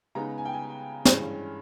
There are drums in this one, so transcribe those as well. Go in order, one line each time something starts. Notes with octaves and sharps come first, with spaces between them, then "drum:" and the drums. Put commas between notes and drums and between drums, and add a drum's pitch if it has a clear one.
C#3 G#3 B3 D#4 A#5
G#5
G5
G#5
G2 E3 G#3 C#4, drum: snare